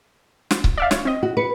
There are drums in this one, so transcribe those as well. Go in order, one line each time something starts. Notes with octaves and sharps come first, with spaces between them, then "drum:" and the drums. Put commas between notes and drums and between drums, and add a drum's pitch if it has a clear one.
drum: snare
drum: kick C#1
D5 E5 F5
C#5, drum: snare
C4 D#5
F#4
B4 C#7